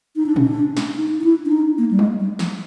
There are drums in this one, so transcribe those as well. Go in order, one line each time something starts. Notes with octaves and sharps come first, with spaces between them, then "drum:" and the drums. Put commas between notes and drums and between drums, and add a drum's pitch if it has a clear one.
D#4
D4
C#4, drum: tom A#2
D4
drum: snare
D#4
D#4
E4
D4
D#4
A#3
G3
G#3, drum: tom F#3
G3
F3, drum: snare